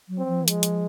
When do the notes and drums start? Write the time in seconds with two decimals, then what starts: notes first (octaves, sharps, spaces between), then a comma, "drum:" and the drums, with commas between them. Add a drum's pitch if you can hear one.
0.08 F#3
0.18 C4
0.27 F3
0.41 E3
0.48 F3 G#3, drum: hi-hat
0.63 drum: hi-hat